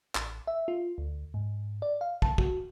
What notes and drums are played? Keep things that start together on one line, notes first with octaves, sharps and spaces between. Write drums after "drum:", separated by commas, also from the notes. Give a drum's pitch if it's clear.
A1, drum: clap
E5
F4
D2
G#2
D5
F5
A5, drum: kick
F#4, drum: kick